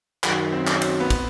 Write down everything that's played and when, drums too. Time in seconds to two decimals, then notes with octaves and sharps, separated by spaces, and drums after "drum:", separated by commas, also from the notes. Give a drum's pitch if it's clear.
0.24 F#2 D#3 F#3 F#4, drum: clap
0.52 C4
0.67 drum: clap
0.82 C4, drum: cymbal
1.00 B3
1.10 drum: kick, cymbal